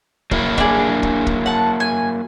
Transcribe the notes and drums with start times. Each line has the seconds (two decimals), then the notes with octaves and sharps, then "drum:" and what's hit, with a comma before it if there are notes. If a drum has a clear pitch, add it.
0.31 F#3 A#3 E4, drum: kick
0.58 D4 G#4, drum: kick
1.03 drum: kick
1.27 drum: kick
1.46 F#5 A5
1.80 G#5